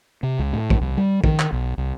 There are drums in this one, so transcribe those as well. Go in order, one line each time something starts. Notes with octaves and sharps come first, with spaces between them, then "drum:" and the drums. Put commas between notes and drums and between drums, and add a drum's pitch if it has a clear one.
C3
C#2
A2
drum: kick
C2
G3
D#3, drum: kick
drum: clap
B1
C2